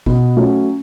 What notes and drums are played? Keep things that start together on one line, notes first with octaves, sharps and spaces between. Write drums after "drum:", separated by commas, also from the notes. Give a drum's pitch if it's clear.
B2, drum: kick G#1
F#3 A3 C#4 F#4